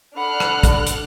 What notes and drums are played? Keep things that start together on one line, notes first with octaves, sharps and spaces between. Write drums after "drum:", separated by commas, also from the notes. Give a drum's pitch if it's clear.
D4 A4 F#5 B5 F6 F#6
drum: rim click
drum: kick, hi-hat
drum: hi-hat